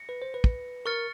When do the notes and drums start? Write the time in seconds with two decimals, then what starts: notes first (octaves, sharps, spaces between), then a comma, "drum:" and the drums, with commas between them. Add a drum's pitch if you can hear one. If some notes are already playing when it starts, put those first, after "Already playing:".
Already playing: A#6 C#7
0.09 B4
0.22 C5
0.34 B4
0.44 drum: kick
0.86 A#4 C#6 F6 A6 C#7